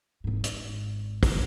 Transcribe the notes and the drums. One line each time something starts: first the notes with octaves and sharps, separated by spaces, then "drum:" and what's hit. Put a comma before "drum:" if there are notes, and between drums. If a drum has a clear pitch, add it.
G#1 G#2
drum: hi-hat
drum: kick, open hi-hat